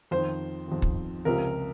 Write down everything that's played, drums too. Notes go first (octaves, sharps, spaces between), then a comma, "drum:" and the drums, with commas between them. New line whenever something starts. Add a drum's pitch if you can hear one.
F2 D#3 C5
F2 D#3
drum: kick
C#2 C3 F3 A#4